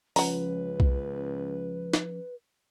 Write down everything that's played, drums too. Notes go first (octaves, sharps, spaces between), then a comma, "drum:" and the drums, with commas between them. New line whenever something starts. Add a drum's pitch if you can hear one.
C#2 F3 C#4 B4 F#5 A#5, drum: open hi-hat
drum: kick C2
drum: snare